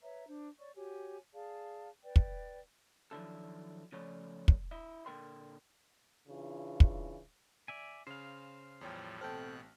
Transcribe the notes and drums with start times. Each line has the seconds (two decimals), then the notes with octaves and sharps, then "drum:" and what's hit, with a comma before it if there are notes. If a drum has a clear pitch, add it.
0.02 B4 C#5 E5 A#5
0.27 D4 C5
0.58 C#5 D5 C#6
0.76 F#4 G4 C#5 G#5
1.33 G#4 D5 F5 A5
2.04 B4 D5 G5
2.16 drum: kick
3.11 D#3 F3 F#3 D4 E4 A4
3.92 C#3 F3 A3 C#4 C#5 D5
4.48 drum: kick
4.71 E4 D#5 E5
5.06 A#2 D3 A#4 G5 C6
6.27 C#3 E3 D4 F4
6.80 drum: kick
7.68 D5 E5 G#5
8.07 C#3 C5 F5
8.81 E2 A2 F3 G3 C#5 G5
9.21 A1 B2 C4 A4 G5 F6 F#6